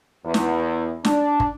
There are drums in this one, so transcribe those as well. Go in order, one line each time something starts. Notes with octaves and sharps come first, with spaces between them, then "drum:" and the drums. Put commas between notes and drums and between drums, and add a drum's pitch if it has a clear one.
E2
drum: snare
D4, drum: snare
drum: kick